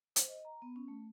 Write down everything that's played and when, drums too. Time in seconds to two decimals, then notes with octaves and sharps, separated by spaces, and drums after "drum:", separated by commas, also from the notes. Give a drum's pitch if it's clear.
0.16 C5, drum: hi-hat
0.28 D#5
0.45 A#5
0.62 B3
0.76 C#4
0.88 A3